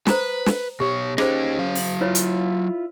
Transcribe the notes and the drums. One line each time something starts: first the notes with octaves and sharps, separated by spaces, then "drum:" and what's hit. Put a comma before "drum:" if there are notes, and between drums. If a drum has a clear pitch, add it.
B4 C5 A#5 D#6, drum: snare
drum: snare
B2 G4 C#5
C#4 D#4 G4 G#4 C5, drum: rim click
F#3 F5
drum: open hi-hat
E4 F4 B4 C#5 E5
drum: hi-hat